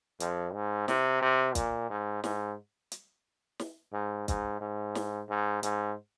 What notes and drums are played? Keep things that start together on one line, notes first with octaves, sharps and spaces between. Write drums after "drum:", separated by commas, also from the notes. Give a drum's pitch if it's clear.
F2, drum: hi-hat
G#2
C3, drum: snare
C3
A#2, drum: kick, hi-hat
G#2
G#2, drum: snare
drum: hi-hat
drum: snare
G#2
G#2, drum: kick, hi-hat
G#2
drum: snare
G#2
G#2, drum: hi-hat